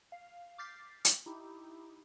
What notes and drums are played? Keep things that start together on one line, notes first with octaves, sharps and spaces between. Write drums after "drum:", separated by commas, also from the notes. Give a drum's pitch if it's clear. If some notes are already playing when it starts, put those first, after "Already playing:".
F5
D6 F6 G6 A6 B6 C7
drum: hi-hat
D#4 E4 G4